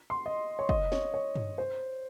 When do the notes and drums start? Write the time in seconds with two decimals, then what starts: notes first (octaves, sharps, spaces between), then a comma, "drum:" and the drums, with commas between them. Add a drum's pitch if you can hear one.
0.10 C6
0.26 D#5
0.59 C#5
0.69 D#5, drum: kick
0.92 C#5, drum: snare
1.14 C#5
1.35 drum: tom G2
1.58 C5